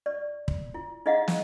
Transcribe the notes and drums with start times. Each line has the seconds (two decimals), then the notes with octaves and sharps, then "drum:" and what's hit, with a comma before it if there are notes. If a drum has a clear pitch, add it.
0.06 D5
0.48 drum: kick
0.74 E4
1.06 D#4 E4 G#4 D#5 F5 F#5
1.28 drum: snare